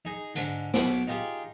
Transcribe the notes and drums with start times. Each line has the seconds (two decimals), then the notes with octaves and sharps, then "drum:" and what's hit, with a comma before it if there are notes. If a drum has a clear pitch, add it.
0.05 D#4 G#4
0.35 G#2 D3, drum: hi-hat
0.74 B1 B2 B5 D6, drum: snare
1.07 D#4 F4 G4 G#4